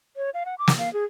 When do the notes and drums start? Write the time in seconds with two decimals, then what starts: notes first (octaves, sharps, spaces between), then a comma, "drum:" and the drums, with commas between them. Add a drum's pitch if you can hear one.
0.17 C#5
0.34 F5
0.45 F#5
0.59 D6
0.68 drum: snare
0.78 F5
0.93 G#4